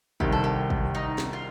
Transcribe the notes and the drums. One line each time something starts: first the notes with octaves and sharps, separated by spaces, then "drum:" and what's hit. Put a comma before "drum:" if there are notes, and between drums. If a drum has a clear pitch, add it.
C2 C3 D#3 G4, drum: kick
A4
G4
drum: kick
D#4
drum: snare
F4